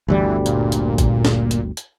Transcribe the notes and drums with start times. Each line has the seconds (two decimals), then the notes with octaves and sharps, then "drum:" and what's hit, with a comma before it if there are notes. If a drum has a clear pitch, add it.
0.08 G1 D2 E3 G3
0.46 A#2, drum: hi-hat
0.72 drum: hi-hat
0.98 drum: kick A1, hi-hat
1.25 drum: snare
1.51 drum: hi-hat
1.77 drum: hi-hat